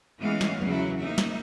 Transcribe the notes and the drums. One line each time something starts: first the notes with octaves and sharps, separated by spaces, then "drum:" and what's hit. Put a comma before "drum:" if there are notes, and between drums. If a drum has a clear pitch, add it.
E3 G#3 B3 C#4 F5
drum: snare
E2 C#3 F#3 E4, drum: tom F3
A#3 C4 D#4 E5
drum: snare